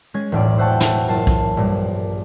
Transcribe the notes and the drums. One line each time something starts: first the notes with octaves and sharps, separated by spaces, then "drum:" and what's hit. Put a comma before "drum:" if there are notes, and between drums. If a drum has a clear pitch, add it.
G#3 C#4 G#6
E1 B1 A2 F4 D5
C5 E5 F#5 G5 A5 C#6
drum: snare
F#1 F4 A5 C7 E7
drum: kick B1
A#1 G2